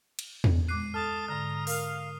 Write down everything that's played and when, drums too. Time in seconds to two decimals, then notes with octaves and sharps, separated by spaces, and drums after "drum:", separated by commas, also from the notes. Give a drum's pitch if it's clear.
0.19 drum: cymbal
0.44 drum: tom E2
0.68 G#3 D6 F#6 C7 D#7
0.94 A4 A5 D#6 F6
1.28 G#2 D3 A#5 F6
1.67 A#4 F5, drum: open hi-hat